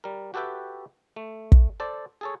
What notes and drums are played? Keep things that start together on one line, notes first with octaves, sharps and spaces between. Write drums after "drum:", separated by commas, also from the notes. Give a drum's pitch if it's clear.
G3 A#4
F#4 G4 A4 B4 E5 G5
A3
drum: kick
A4 C5 D5
G#4 A4 C#5